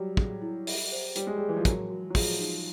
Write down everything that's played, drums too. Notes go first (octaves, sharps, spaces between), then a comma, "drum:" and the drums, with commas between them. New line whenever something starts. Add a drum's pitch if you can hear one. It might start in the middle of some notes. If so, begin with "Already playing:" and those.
Already playing: F#3 G3 G4
G#4, drum: kick
E4
E5, drum: open hi-hat
C5
G3 C#5, drum: hi-hat
G#3
G3 G#4
E3
F3
F#3 A#4, drum: kick, hi-hat
F#4
F#3
F3 G#4, drum: kick, open hi-hat
D#4